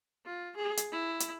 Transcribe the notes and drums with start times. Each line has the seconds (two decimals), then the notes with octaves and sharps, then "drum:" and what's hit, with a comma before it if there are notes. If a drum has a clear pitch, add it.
0.25 F4
0.56 G#4
0.77 drum: hi-hat
0.92 E4
1.20 drum: hi-hat